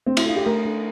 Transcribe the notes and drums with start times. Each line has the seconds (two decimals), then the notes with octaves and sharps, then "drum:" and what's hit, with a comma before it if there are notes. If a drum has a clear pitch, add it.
0.06 A3 C4
0.17 E4, drum: cymbal
0.26 D4 F4 A4
0.36 G4
0.46 A3 A#4
0.65 D4 A4